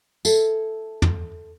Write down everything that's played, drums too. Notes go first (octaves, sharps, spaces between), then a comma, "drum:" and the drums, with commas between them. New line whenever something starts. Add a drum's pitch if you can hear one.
E4 A4, drum: tambourine
drum: tom